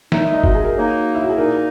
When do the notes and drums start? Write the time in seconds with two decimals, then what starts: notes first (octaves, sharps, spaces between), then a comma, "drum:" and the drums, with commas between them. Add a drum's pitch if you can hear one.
0.12 A#2 G#3 D#4 E5, drum: snare
0.23 E5
0.33 D#5
0.44 F#4, drum: kick G1
0.55 G#4
0.64 A#4
0.75 F#3 A#3 D#4
1.15 E4
1.22 F#4
1.29 G#4
1.37 A#2 A#3 D#4 A#4